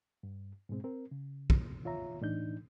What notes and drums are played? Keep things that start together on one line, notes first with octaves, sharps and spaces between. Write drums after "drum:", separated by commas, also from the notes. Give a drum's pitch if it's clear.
G2
G#2 B2 G#3 C4
C4 A#4
C#3
drum: kick
F4 C#5 E5 A#5
A2 E3 D4 D#4 G6